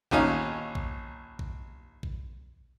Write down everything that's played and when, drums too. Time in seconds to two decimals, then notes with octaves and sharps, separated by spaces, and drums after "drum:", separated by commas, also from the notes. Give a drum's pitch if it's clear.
0.11 A#1 D#2 C#4 D#4 F5, drum: kick A#1
0.75 drum: kick A#1
1.39 drum: kick A#1
2.03 drum: kick A#1